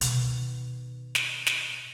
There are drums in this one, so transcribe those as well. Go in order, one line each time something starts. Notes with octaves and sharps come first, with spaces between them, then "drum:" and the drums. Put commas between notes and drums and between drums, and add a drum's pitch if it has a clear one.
B2 D#3, drum: hi-hat
drum: snare
drum: snare